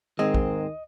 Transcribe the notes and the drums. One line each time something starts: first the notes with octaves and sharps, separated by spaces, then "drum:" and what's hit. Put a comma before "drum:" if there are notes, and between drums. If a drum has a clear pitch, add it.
G#2 D#3 G#3 C4 D#5
drum: kick